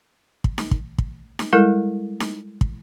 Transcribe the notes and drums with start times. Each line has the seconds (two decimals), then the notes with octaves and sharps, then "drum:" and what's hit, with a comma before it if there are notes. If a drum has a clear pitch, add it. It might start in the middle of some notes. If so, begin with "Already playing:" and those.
0.44 drum: kick
0.58 drum: snare D#4
0.71 drum: kick
0.98 drum: kick
1.39 drum: snare D#4
1.53 G3 G#3 E4 A4 A#4
2.20 drum: snare D#4
2.61 drum: kick